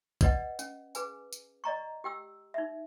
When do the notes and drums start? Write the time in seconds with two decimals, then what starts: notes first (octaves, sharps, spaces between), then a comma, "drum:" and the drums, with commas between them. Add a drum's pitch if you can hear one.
0.21 B4 D5 D#5 F#5, drum: kick, tambourine
0.59 C#4, drum: tambourine
0.95 G#4 B4 G#5, drum: tambourine
1.33 drum: tambourine
1.64 D5 D#5 A#5 C#6
2.04 G4 G5 E6
2.54 D#4 E5